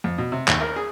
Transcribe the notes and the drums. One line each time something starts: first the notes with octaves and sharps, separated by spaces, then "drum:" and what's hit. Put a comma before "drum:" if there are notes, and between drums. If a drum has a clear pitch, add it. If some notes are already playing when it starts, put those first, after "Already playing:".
F2
B2
C3
D#2, drum: clap
A#4
G#4